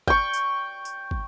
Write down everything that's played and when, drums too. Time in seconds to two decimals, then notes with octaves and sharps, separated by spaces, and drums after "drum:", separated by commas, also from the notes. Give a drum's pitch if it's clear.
0.07 G5 C#6, drum: kick
0.33 drum: tambourine
0.85 drum: tambourine
1.11 drum: kick